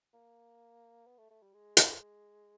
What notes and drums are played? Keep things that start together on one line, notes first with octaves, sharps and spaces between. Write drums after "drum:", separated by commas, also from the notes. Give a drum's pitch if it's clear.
A#3
B3
A3
A3
G3
G#3
G#3, drum: hi-hat